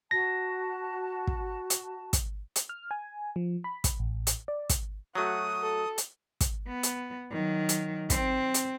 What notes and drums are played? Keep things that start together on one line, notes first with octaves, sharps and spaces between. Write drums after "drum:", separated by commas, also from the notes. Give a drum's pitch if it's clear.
F#4 A5 A#6
drum: kick
drum: hi-hat
drum: kick, hi-hat
drum: hi-hat
F6
G#5
F3
B5
drum: kick, hi-hat
A1
drum: hi-hat
D5
drum: kick, hi-hat
F#3 A3 F#4 D#6
A4
drum: hi-hat
drum: kick, hi-hat
B3
drum: hi-hat
D#3 F#3
drum: hi-hat
C4, drum: kick, hi-hat
drum: hi-hat